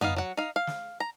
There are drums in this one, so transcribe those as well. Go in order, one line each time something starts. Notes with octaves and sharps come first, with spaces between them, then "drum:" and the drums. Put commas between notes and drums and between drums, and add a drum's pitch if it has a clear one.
B3 D#4 D#5 F5, drum: tom F2
F#3 F#5
D#4 F5
F5
drum: snare
A#5